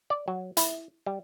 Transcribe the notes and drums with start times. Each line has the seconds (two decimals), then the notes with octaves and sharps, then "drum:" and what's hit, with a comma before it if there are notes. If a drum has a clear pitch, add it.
0.10 D5
0.28 F#3
0.57 E4, drum: hi-hat
1.06 G3